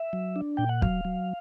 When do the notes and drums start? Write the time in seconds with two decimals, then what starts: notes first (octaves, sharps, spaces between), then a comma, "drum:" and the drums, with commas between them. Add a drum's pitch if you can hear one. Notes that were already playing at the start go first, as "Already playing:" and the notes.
Already playing: E5
0.13 F#3
0.36 D4
0.57 A#2 G5
0.69 F#5
0.82 F#3 F5, drum: kick
1.05 F#3